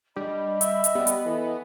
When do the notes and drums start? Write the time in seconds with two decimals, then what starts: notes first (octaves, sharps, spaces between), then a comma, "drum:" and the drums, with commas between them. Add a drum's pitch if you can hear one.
0.16 G3 D4 D#5 B5
0.61 E5, drum: hi-hat
0.84 drum: hi-hat
0.95 G3 B3
1.07 drum: hi-hat
1.26 E3 A4